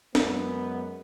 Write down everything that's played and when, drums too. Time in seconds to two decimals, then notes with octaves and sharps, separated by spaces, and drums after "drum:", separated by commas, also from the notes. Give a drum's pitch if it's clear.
0.15 F#2 G#3 B3, drum: snare